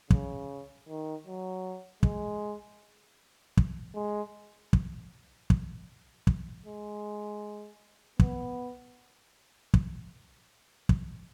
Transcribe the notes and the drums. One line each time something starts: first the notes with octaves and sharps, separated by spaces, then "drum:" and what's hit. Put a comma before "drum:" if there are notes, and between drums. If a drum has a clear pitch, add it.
C#3, drum: kick
D#3
F#3
G#3, drum: kick
drum: kick
G#3
drum: kick
drum: kick
drum: kick
G#3
B3, drum: kick
drum: kick
drum: kick